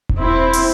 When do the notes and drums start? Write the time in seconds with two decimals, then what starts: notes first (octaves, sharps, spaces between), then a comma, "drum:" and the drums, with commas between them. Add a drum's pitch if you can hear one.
0.09 drum: kick E1
0.20 C4 E4
0.53 drum: open hi-hat